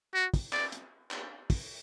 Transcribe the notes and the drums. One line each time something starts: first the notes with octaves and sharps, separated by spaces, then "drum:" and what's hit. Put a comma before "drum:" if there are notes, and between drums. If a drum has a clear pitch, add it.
F#4
drum: kick, open hi-hat
D5, drum: clap
drum: hi-hat
drum: clap
drum: kick, open hi-hat